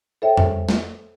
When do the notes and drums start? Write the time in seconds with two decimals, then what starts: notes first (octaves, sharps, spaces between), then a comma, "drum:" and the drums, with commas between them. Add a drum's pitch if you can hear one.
0.22 A4 C5 C#5 E5 G5
0.37 drum: tom F2
0.69 drum: snare